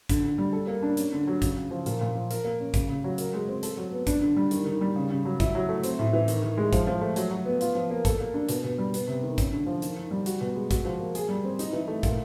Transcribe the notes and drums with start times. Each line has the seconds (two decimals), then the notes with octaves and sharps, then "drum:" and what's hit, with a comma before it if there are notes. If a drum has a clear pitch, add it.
0.09 D3, drum: kick, hi-hat
0.24 D3
0.38 G3
0.53 A4
0.67 A#3
0.83 D4
0.97 C#4, drum: hi-hat
1.13 D3
1.27 F#3
1.42 C#3, drum: kick, hi-hat
1.57 C#3
1.71 F3
1.86 A#2, drum: hi-hat
2.01 A#2
2.15 F3
2.31 A#4, drum: hi-hat
2.44 A#3
2.60 C#4
2.74 C#3, drum: kick, hi-hat
2.89 C#3
3.04 F#3
3.18 A#4, drum: hi-hat
3.34 G#3
3.48 C4
3.63 A4, drum: hi-hat
3.77 F#3
3.93 B3
4.07 D4, drum: kick, hi-hat
4.22 D3
4.36 G3
4.51 D#3, drum: hi-hat
4.66 D#3
4.81 G3
4.96 C#3
5.10 C#3
5.25 F#3
5.40 E4, drum: kick, hi-hat
5.55 F#3
5.69 A3
5.83 C4, drum: hi-hat
5.99 A2
6.13 E3
6.28 D#3, drum: hi-hat
6.42 D#3
6.58 G#3
6.73 F3, drum: kick, hi-hat
6.87 F3
7.01 A3
7.16 F#3, drum: hi-hat
7.31 F#3
7.46 B3
7.61 F4, drum: hi-hat
7.75 F3
7.90 A#3
8.05 A4, drum: kick, hi-hat
8.20 A#3
8.34 D4
8.49 B2, drum: hi-hat
8.64 B2
8.78 G3
8.94 B3, drum: hi-hat
9.08 C3
9.23 D#3
9.38 C#4, drum: kick, hi-hat
9.53 D3
9.67 F3
9.82 D#3, drum: hi-hat
9.97 D#3
10.11 G3
10.26 F#4, drum: hi-hat
10.41 B2
10.55 G#3
10.71 F#4, drum: kick, hi-hat
10.85 F3
11.00 A#3
11.15 G#4, drum: hi-hat
11.29 G3
11.44 C4
11.59 D#4, drum: hi-hat
11.73 E3
11.88 A3
12.03 A#2, drum: kick, hi-hat